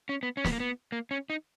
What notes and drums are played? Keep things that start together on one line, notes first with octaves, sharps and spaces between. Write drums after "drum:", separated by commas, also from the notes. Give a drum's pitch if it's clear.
C#4
B3
C#4
B3, drum: snare
A#3
B3
A#3
C#4
D#4